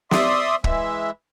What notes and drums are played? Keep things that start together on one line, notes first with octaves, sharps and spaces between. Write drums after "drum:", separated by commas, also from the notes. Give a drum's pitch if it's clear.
D5 E5 C6 D#6, drum: snare
E3 G#3 E5, drum: kick